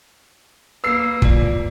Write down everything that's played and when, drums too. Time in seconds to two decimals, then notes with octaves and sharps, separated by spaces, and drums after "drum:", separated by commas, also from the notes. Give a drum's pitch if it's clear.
0.84 A#3 B4 E6 C7
1.22 F4 D5, drum: kick